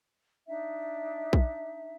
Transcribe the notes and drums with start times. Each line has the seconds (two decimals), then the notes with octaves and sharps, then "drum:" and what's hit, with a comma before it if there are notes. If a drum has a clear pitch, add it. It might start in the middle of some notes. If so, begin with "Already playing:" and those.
0.47 D4 D#4 E5
1.33 drum: kick A#1